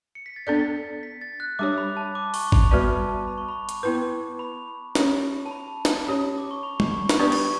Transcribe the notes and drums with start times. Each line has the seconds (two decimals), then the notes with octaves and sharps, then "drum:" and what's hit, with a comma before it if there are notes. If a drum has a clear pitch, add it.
0.15 C#7
0.26 B6
0.36 A6
0.47 B3 D4 A4 D5 G6
0.75 A6
1.03 B6
1.21 A6
1.40 F#6
1.59 G3 D4 G4 C#5 D6
1.78 B5
1.97 A5
2.15 D6
2.34 C#6, drum: open hi-hat
2.52 B5, drum: kick G#1
2.71 G3 B3 F#4 B4 D5 A5
2.90 B5
3.09 A5
3.27 B5
3.38 C#6
3.49 B5
3.69 drum: hi-hat
3.83 B3 E4 B4
4.39 B5
4.95 C#4 G4 C#5, drum: snare
5.46 A5
5.51 B5
5.85 drum: snare
6.07 C#4 G4 C#5
6.38 D6
6.51 C#6
6.63 B5
6.80 drum: tom G3
6.91 C#6
7.09 B5, drum: snare
7.19 B3 D4 G4 B4 D5 C#6
7.32 drum: cymbal